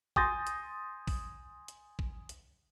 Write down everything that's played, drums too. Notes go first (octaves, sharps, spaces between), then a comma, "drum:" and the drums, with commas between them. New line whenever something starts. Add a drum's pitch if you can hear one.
G#5 C6 D#6 G6 A6 A#6, drum: kick
drum: hi-hat
drum: kick, open hi-hat
drum: hi-hat
drum: kick
drum: hi-hat